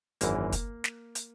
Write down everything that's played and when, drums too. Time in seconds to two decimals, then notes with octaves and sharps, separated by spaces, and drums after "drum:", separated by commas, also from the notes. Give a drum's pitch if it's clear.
0.21 G#1 F#2 E3 A#3, drum: hi-hat
0.53 drum: kick, hi-hat
0.84 drum: snare
1.15 drum: hi-hat